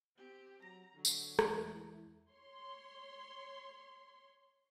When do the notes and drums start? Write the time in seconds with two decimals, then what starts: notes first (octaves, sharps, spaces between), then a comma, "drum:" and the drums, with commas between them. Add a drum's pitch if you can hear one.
0.17 C4 G4
0.62 F#3 A#5 A#6
0.95 D3 F#3
1.05 drum: tambourine
1.39 E2 E3 G#3 A3, drum: rim click
1.73 E4
2.31 C#5 C6